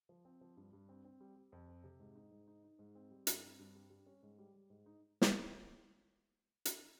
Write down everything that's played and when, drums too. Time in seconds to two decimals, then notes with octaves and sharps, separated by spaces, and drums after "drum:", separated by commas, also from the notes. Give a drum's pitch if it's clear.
0.09 F3
0.25 C4
0.41 F3
0.57 G2
0.73 G2
0.89 C4
1.05 C4
1.20 G3
1.36 G3
1.52 F2
1.68 C4
1.84 C3
2.00 G#2
2.16 D#4
2.31 G#2
2.47 D#4
2.64 D#4
2.79 G#2
2.95 C4
3.11 G3
3.27 G2, drum: hi-hat
3.43 C4
3.59 G2
3.75 G3
3.90 G3
4.06 C#4
4.23 G#2
4.38 G3
4.54 G3
4.70 G#2
4.86 D#4
5.22 drum: snare
6.65 drum: hi-hat